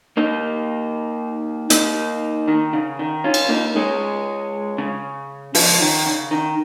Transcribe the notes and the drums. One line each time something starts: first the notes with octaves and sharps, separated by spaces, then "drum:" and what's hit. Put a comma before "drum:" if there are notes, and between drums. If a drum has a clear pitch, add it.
A#3 D#4
A#3 D#4, drum: hi-hat
D#3
C#3
D#3
C#4 F4
drum: cymbal
A#3 D#4
G#3 C#4
C#3
C#3 F3, drum: open hi-hat
D#3
C#3
D#3